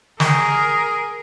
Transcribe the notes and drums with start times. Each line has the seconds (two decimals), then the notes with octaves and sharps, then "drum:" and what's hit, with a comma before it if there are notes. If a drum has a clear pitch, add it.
0.20 G#4 A#4, drum: snare